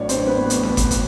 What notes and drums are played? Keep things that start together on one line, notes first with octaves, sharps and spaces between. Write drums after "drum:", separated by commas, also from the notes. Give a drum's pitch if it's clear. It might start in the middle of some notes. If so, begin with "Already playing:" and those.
Already playing: A1 A2 F#3 D4 C#5 D5
C4 C5, drum: hi-hat
B3 B4
drum: hi-hat
drum: snare
drum: kick G1, hi-hat
drum: hi-hat